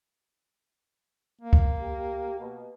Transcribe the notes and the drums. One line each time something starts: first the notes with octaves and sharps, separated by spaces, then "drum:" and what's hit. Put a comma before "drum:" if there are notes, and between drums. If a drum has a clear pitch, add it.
A#3
drum: kick C#2
G4
B2